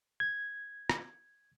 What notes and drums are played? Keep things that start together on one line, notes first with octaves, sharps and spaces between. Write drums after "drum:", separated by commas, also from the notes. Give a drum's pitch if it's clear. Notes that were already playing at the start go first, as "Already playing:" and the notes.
G#6
drum: rim click